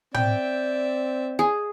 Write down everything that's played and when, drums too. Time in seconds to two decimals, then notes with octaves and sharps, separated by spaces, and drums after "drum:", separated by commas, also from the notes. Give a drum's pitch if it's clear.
0.14 C4 D5 E5 G5, drum: tom A2
1.39 G#4